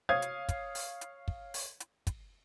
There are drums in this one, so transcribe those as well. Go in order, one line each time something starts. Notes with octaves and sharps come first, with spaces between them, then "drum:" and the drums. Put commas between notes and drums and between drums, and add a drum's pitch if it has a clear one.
C#5 F5 D#6 G#6
drum: hi-hat
drum: kick, hi-hat
drum: open hi-hat
drum: hi-hat
drum: kick
drum: open hi-hat
drum: hi-hat
drum: kick, hi-hat